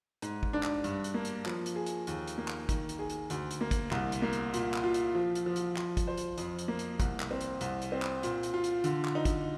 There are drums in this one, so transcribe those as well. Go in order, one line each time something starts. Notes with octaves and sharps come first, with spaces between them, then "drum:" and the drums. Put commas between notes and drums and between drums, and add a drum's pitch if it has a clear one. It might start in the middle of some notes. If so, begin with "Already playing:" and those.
G#2, drum: hi-hat
drum: kick
D4
drum: clap
G2, drum: hi-hat
drum: hi-hat
A#3
drum: hi-hat
F3, drum: clap
drum: hi-hat
G#4
drum: hi-hat
D#2, drum: hi-hat
drum: hi-hat
A#3
drum: clap
D#3, drum: kick, hi-hat
drum: hi-hat
G#4
drum: hi-hat
D2, drum: hi-hat
drum: hi-hat
A#3
drum: kick, hi-hat
C2, drum: clap
drum: hi-hat
A#3
drum: hi-hat
A#2, drum: hi-hat
drum: clap
F4
drum: hi-hat
F3
drum: hi-hat
F3
drum: hi-hat
F3, drum: clap
drum: kick, hi-hat
C5
drum: hi-hat
F2, drum: hi-hat
drum: hi-hat
A#3
drum: hi-hat
C2, drum: kick, hi-hat
drum: clap
C4
drum: hi-hat
C2, drum: hi-hat
drum: hi-hat
C4
drum: clap
A#2, drum: hi-hat
drum: hi-hat
F4
drum: hi-hat
D3, drum: hi-hat
drum: clap
D#4
drum: kick, hi-hat